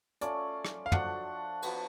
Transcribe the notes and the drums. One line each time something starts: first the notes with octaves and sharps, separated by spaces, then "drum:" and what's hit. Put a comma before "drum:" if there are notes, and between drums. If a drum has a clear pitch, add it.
A3 C#4 F4 A4 D5, drum: hi-hat
drum: rim click
F5
F3 A3 D4 F#4 F#5, drum: tom
F3 B3 F#4 B4, drum: cymbal